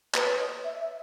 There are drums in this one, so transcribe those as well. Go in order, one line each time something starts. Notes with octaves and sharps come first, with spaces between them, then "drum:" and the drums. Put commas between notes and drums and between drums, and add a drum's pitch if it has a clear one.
B4, drum: clap
C#5
D#5
E5
E5